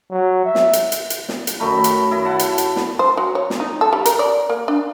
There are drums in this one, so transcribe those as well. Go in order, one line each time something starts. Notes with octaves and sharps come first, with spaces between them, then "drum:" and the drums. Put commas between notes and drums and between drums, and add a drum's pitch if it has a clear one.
F#3
E5
drum: snare
drum: hi-hat
drum: hi-hat
drum: hi-hat
drum: snare
drum: hi-hat
F#2 D#3 A3 B5
drum: hi-hat
E4 D#5
E4 F#5 A5
drum: hi-hat
drum: hi-hat
drum: snare
C5
F#3
C#5
drum: snare
D#4
A4
G3
A#4, drum: hi-hat
D5
A#3
D4